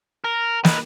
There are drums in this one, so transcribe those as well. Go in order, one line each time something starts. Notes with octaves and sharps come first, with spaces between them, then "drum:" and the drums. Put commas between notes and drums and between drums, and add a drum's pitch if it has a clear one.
A#4
D#4 B4, drum: snare